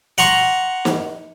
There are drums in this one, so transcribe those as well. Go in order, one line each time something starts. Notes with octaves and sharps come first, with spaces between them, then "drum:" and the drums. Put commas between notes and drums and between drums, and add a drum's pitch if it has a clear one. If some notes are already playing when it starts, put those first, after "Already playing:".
F#5 A#5 C6 C#6
drum: snare